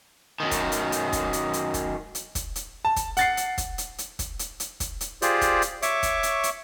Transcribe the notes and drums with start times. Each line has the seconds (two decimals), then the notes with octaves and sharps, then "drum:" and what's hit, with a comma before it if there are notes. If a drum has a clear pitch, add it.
0.40 F#2 D#3
0.51 drum: kick, hi-hat
0.72 drum: hi-hat
0.92 drum: hi-hat
1.13 drum: kick, hi-hat
1.33 drum: hi-hat
1.53 drum: hi-hat
1.74 drum: kick, hi-hat
2.15 drum: hi-hat
2.35 drum: kick, hi-hat
2.56 drum: hi-hat
2.85 A5
2.96 drum: kick, hi-hat
3.17 F#5 A6 C7, drum: hi-hat
3.37 drum: hi-hat
3.58 drum: kick, hi-hat
3.78 drum: hi-hat
3.98 drum: hi-hat
4.19 drum: kick, hi-hat
4.39 drum: hi-hat
4.60 drum: hi-hat
4.80 drum: kick, hi-hat
5.01 drum: hi-hat
5.22 F4 G4 G#4 C5 D5, drum: hi-hat
5.41 drum: kick, hi-hat
5.62 drum: hi-hat
5.82 C#5 E5 C#6 D6, drum: hi-hat
6.03 drum: kick, hi-hat
6.23 drum: hi-hat
6.43 drum: hi-hat